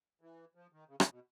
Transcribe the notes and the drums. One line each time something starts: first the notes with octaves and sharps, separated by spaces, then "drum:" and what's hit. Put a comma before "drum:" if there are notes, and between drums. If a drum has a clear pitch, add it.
E3
F3
D#3
C#3
C#3, drum: rim click
B2